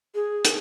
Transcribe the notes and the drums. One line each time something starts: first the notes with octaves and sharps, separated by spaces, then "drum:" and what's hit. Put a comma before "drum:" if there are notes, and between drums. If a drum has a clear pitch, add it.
G#4
drum: hi-hat